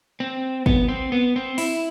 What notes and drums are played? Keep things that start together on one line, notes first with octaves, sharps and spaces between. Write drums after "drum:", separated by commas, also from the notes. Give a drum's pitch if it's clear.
C4
B3, drum: kick
C4
B3
C4
E4, drum: open hi-hat